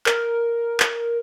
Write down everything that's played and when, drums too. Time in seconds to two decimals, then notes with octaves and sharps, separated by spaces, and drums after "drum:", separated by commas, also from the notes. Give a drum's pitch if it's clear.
0.06 A#4, drum: clap
0.80 drum: clap